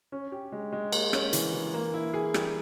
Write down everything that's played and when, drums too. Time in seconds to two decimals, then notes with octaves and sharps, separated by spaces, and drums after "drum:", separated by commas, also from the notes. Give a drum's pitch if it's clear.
0.12 C#4
0.32 G4
0.52 G#3
0.73 G#3
0.92 A#3, drum: cymbal
1.13 C#4, drum: rim click
1.33 E3, drum: hi-hat
1.54 E3
1.74 A#3
1.94 E4
2.14 G#4
2.34 G3, drum: rim click